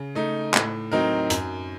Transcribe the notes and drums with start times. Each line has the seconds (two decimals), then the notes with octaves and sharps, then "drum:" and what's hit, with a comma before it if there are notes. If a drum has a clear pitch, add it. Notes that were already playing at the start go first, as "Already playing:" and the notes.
Already playing: C#3
0.15 A3 D#4
0.54 A2, drum: clap
0.92 F#3 C4 D#4 A#4
1.30 F#2, drum: hi-hat